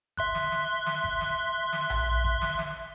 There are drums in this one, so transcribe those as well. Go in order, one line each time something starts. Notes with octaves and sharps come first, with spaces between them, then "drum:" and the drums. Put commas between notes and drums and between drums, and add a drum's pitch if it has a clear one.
E5 C6 F#6, drum: kick G1
drum: snare
drum: snare
drum: snare
drum: kick G1
drum: snare
drum: snare
drum: tom A#1
drum: kick G1
drum: snare
drum: snare